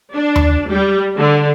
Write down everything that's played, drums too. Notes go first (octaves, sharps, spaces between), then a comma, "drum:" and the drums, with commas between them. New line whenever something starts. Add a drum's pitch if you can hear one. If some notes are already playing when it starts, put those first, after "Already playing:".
D4
drum: tom D#2
G3
D3